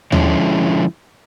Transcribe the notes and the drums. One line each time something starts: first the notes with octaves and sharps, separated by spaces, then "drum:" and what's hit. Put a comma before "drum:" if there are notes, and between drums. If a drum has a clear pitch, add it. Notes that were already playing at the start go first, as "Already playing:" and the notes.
D3 F3 G#3 C#4 E4, drum: tom D#2